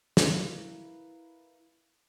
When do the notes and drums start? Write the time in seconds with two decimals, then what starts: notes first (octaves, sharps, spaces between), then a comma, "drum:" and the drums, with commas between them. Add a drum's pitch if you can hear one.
0.17 E4 A#4 B4 F5, drum: snare